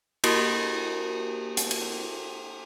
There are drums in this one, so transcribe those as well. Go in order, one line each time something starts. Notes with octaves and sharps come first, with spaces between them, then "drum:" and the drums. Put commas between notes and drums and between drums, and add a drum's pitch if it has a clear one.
A#3 E4 F#4 G4 A#4, drum: cymbal
drum: hi-hat
drum: cymbal